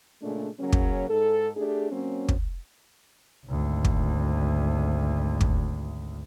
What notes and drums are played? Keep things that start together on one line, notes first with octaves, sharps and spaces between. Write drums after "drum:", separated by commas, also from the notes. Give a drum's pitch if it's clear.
A#2 C#3 G#3 A3 C#4 D4
C#3 F#3 A#3 C#4
drum: kick
G#2 A4
A3 D4 G4 G#4
F#3 A#3 C4 C#4
drum: kick
G#1 D2
drum: kick
drum: kick